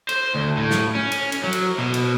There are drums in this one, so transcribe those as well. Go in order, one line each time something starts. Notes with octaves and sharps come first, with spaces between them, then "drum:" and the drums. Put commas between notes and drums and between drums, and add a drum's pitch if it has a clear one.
C5, drum: cymbal
D2
A2
drum: snare
C#4
drum: cymbal
drum: cymbal
F#3
drum: cymbal
B2
drum: cymbal